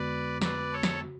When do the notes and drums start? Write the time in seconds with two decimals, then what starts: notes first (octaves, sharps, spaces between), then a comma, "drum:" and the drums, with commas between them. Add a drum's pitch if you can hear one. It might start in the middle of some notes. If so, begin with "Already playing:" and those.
Already playing: F2 D3 G#3 B3 F#4 B4 D5
0.41 B4 D5, drum: snare
0.73 A4 C#5
0.83 drum: snare
1.04 C#3 F#4